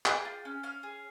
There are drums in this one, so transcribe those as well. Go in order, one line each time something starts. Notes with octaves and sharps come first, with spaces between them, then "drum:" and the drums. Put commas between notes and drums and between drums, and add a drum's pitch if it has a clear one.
G#4 G5, drum: clap
F4
C#4
C#4 F5
G#4